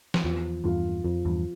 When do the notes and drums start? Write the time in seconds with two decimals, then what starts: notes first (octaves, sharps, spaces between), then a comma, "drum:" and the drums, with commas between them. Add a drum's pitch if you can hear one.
0.14 drum: snare
0.24 E2 F3
0.64 E2 G2 F4
1.04 F2 F3
1.25 E2 G2